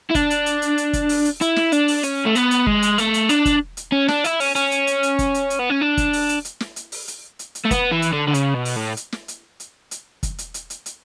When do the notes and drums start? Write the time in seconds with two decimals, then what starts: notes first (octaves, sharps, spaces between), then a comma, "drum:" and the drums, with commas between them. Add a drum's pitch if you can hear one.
0.10 E4
0.15 D4, drum: kick, hi-hat
0.30 drum: hi-hat
0.46 drum: hi-hat
0.62 drum: hi-hat
0.78 drum: hi-hat
0.93 drum: kick, hi-hat
1.09 drum: open hi-hat
1.25 drum: hi-hat
1.41 E4, drum: hi-hat
1.56 drum: snare
1.72 D4, drum: hi-hat
1.88 drum: open hi-hat
2.03 C#4, drum: hi-hat
2.25 A3
2.35 B3, drum: hi-hat
2.51 drum: hi-hat
2.66 G#3, drum: kick
2.82 drum: hi-hat
2.98 A3, drum: hi-hat
3.14 drum: hi-hat
3.29 D4, drum: hi-hat
3.45 drum: kick, hi-hat
3.77 drum: hi-hat
3.92 C#4
4.08 D4, drum: snare
4.24 E4, drum: hi-hat
4.40 C#4, drum: open hi-hat
4.55 C#4, drum: hi-hat
4.71 drum: hi-hat
4.87 drum: hi-hat
5.03 drum: hi-hat
5.19 drum: kick, hi-hat
5.34 drum: hi-hat
5.50 drum: hi-hat
5.59 B3
5.70 C#4
5.81 D4
5.97 drum: kick, hi-hat
6.13 drum: open hi-hat
6.29 drum: hi-hat
6.45 drum: hi-hat
6.60 drum: snare
6.76 drum: hi-hat
6.92 drum: open hi-hat
7.08 drum: hi-hat
7.39 drum: hi-hat
7.55 drum: hi-hat
7.65 A3
7.71 B3, drum: kick, hi-hat
7.92 E3
8.02 drum: hi-hat
8.13 D3
8.28 D3
8.34 C#3, drum: hi-hat
8.55 B2
8.65 drum: open hi-hat
8.76 A2
8.97 drum: hi-hat
9.12 drum: snare
9.28 drum: hi-hat
9.60 drum: hi-hat
9.91 drum: hi-hat
10.23 drum: kick, hi-hat
10.38 drum: hi-hat
10.54 drum: hi-hat
10.70 drum: hi-hat
10.86 drum: hi-hat